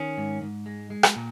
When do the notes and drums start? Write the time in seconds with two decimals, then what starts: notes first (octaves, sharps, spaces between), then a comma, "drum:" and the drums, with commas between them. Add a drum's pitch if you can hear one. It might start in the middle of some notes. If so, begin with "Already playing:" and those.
Already playing: D#3 C#4
0.17 G#2
0.42 G#2
0.66 G#3
0.90 G#3
1.03 drum: rim click
1.16 A#2